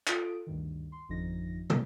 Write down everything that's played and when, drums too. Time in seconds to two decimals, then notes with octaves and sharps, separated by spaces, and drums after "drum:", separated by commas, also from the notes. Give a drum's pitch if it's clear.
0.07 F4 A4 D#6 D7, drum: clap
0.47 D2 G2 D#3
0.92 C6
1.09 G#1 F2 D3 F3 D#4 A#6
1.70 drum: tom